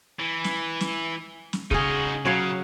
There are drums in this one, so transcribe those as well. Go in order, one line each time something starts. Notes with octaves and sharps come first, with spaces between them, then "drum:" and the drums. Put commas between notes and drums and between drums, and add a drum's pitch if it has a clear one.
E3
drum: snare
drum: snare
drum: snare
C#3 D#4 F#4 G#4, drum: kick
C#3 F#3 C#5 F5